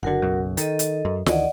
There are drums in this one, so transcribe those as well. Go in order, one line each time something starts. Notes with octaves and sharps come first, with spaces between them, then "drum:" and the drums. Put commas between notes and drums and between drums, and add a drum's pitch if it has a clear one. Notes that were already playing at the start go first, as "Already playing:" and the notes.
F#1 D3 F#4 A#4 F#5
F#1 B1 F#2
D#3 A4 D#5, drum: hi-hat
drum: hi-hat
F#2
D2 D#3 E3 D5 D#5 F#5, drum: snare